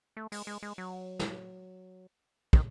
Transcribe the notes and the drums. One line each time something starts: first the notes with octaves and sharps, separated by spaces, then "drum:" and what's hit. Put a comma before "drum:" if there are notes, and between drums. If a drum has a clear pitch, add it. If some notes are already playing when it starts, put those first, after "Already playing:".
A3
G#3, drum: open hi-hat
G#3
G#3
F#3
drum: snare
D#3, drum: kick